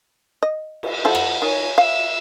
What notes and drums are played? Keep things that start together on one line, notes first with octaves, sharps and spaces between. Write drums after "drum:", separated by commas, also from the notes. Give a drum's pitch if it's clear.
D#5
drum: cymbal
F3 E4 A4 F#5
drum: rim click
D#3 C#5 G#5
E5 F5 E6